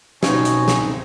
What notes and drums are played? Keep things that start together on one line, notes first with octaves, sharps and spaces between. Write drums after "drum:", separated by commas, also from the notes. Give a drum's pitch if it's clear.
B2 C4 C#4 D#4, drum: snare
drum: hi-hat
drum: snare